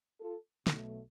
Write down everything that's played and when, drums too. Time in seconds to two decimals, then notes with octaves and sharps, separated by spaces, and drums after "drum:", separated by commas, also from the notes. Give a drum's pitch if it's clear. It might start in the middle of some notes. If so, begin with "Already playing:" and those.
0.20 F4 A4
0.67 B1 B2 A3, drum: snare